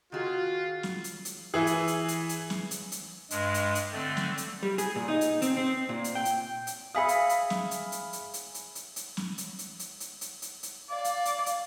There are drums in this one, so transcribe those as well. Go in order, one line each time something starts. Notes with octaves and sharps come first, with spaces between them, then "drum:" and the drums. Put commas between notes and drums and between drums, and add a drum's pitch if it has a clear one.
D#3 F4 F#4 G#4
drum: snare
drum: hi-hat
drum: hi-hat
E3 E4 G#4
drum: hi-hat
drum: hi-hat
drum: hi-hat
drum: hi-hat
drum: snare
drum: hi-hat
drum: hi-hat
G2 G#3, drum: hi-hat
drum: hi-hat
drum: hi-hat
D3 A3 C4 D5
drum: snare
drum: hi-hat
G3
G#4, drum: hi-hat
A#2
D#4
drum: hi-hat
C4, drum: hi-hat
C4
A#2
drum: hi-hat
G5
drum: hi-hat
drum: hi-hat
G#4 E5 F5 G#5 B5 D#6
drum: hi-hat
drum: hi-hat
drum: snare
drum: hi-hat
drum: hi-hat
drum: hi-hat
drum: hi-hat
drum: hi-hat
drum: hi-hat
drum: hi-hat
drum: snare
drum: hi-hat
drum: hi-hat
drum: hi-hat
drum: hi-hat
drum: hi-hat
drum: hi-hat
drum: hi-hat
D5 F5
drum: hi-hat
drum: hi-hat
drum: hi-hat